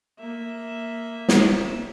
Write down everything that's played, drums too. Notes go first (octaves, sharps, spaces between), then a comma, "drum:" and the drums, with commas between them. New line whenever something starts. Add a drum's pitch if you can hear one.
A#3 E5
drum: snare